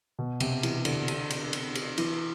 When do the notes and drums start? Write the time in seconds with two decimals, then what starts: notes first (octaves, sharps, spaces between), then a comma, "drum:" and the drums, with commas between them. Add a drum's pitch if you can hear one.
0.19 B2
0.40 C3, drum: cymbal
0.63 E3, drum: cymbal
0.85 D3, drum: cymbal
1.08 drum: cymbal
1.30 drum: cymbal
1.53 drum: cymbal
1.75 drum: cymbal
1.98 E3, drum: cymbal